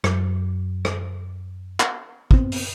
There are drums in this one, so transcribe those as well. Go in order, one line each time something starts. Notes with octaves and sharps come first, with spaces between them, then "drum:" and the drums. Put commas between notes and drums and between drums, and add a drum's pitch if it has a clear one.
F#2, drum: rim click
drum: rim click
drum: clap
B3 C4, drum: kick
drum: open hi-hat